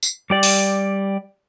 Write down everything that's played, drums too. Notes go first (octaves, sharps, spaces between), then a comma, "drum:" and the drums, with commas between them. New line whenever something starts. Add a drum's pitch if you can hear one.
drum: tambourine
G3 G4 D5
drum: open hi-hat